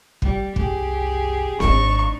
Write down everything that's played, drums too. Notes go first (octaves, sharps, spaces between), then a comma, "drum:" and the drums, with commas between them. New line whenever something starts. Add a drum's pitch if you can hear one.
G3, drum: kick
F#1 C2 G4 G#4, drum: kick
G#1 G#2 D4 D#4 C#6, drum: snare C4